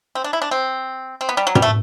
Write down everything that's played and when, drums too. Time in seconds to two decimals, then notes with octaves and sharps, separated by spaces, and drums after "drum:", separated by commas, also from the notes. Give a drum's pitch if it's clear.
0.15 C4
0.24 D4
0.33 E4
0.42 D4
0.51 C4
1.21 C4
1.29 B3
1.37 G3
1.47 F#3
1.55 G3, drum: tom
1.62 A3